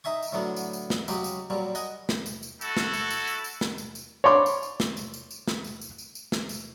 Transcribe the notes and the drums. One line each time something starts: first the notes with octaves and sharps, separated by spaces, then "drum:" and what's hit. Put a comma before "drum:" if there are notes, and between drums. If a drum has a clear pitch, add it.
D#4 E5 G#5 C#6
drum: tambourine
A2 D3 F#3 B3
drum: tambourine
drum: tambourine
drum: snare
C#3 F#3 G#3 G4, drum: tambourine
drum: tambourine
A#2 F#3 G3
D#5 F#5 G#5, drum: tambourine
drum: snare
drum: tambourine
drum: tambourine
E4 F#4 A4, drum: tambourine
drum: snare
drum: tambourine
drum: tambourine
drum: tambourine
drum: tambourine
drum: snare
drum: tambourine
drum: tambourine
C#5 D5 B5 C6 D6
drum: tambourine
drum: tambourine
drum: snare
drum: tambourine
drum: tambourine
drum: tambourine
drum: snare
drum: tambourine
drum: tambourine
drum: tambourine
drum: tambourine
drum: snare
drum: tambourine